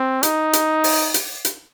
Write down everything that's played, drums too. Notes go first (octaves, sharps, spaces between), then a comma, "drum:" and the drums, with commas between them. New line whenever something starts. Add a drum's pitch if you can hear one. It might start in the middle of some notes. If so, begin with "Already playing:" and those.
Already playing: C4
D#4, drum: hi-hat
drum: hi-hat
drum: open hi-hat
drum: hi-hat
drum: hi-hat